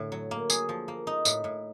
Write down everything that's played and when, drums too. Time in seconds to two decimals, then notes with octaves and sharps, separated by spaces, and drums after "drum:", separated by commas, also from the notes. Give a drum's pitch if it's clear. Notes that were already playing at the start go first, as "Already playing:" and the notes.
Already playing: A2 D3
0.12 F#3
0.31 A#3
0.50 G#4, drum: tambourine
0.69 F3
0.88 A#3
1.07 D#4
1.25 A2, drum: tambourine
1.44 A2